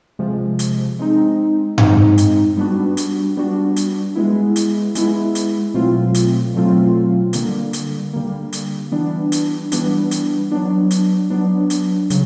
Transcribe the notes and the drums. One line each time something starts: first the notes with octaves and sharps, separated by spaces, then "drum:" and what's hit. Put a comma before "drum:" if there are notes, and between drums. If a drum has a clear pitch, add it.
C3 F3 G#3
drum: hi-hat
G#3 C4 D#4
G#3 C4 D#4, drum: tom G2
drum: hi-hat
G3 B3 D4 F#4
drum: hi-hat
G3 B3 D4 F#4
drum: hi-hat
G#3 B3 E4
drum: hi-hat
G#3 B3 E4, drum: hi-hat
drum: hi-hat
B2 F#3 A3 C4 F4
drum: hi-hat
B2 F#3 A3 C4 F4
D3 G3 A#3, drum: hi-hat
drum: hi-hat
D3 G3 A#3
drum: hi-hat
E3 G3 B3 D4
drum: hi-hat
E3 G3 B3 D4, drum: hi-hat
drum: hi-hat
F#3 B3 D4
drum: hi-hat
F#3 B3 D4
drum: hi-hat
C#3 F#3, drum: hi-hat